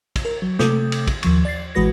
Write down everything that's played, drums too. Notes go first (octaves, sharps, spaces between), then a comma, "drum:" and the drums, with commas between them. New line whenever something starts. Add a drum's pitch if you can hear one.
drum: kick, cymbal
A#4
F#3
C3 A3 A4 D6 D#6 G6, drum: snare
drum: cymbal
drum: kick, cymbal
D#2 F3 C#6, drum: cymbal
D5 A6 C7
A1 E3 G#3 F#4 B4 A#6